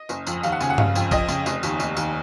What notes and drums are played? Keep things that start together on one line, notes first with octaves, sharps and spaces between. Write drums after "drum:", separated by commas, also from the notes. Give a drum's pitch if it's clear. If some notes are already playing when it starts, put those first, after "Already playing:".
Already playing: D#5
F#1, drum: tambourine
F2, drum: tambourine
D#2 F5, drum: tambourine
F#5
C#3 G#5, drum: tambourine
F#5
F1 F5, drum: tom G2
F2, drum: tambourine
F2 D#5, drum: kick, tambourine
C#3, drum: tambourine
F1, drum: tambourine
D#2, drum: tambourine
F1, drum: tambourine
D#2, drum: tambourine